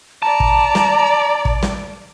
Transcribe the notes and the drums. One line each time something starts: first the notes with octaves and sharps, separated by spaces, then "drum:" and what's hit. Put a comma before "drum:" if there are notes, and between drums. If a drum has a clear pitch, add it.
D5 A5 A#5
drum: kick
drum: snare
drum: kick
drum: snare